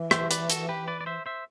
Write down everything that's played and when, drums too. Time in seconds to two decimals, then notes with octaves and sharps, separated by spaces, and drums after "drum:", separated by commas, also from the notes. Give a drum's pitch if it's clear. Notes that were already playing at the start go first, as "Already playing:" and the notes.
Already playing: E3
0.11 C5 E5, drum: rim click
0.31 B4 D5, drum: hi-hat
0.50 F#4 A4, drum: hi-hat
0.69 G4 B4
0.88 B4 D5
1.01 D5
1.06 C5 E5
1.26 C5 E5